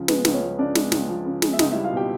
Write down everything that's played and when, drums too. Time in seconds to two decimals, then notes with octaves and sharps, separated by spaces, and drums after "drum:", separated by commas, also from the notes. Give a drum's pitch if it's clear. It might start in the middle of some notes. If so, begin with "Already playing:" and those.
Already playing: C#2 C#3 F3
0.08 G#3 B3 B4, drum: snare
0.25 C#2, drum: snare
0.33 C#4 C#5
0.41 F3
0.59 C#3 D4 D5
0.75 G#3, drum: snare
0.92 C#2, drum: snare
1.09 F3
1.26 C#3
1.42 G#3, drum: snare
1.53 E5
1.59 C#2 D#4 D#5, drum: snare
1.72 E4 E5
1.75 G3
1.84 F4 F5
1.93 B2 G4 G5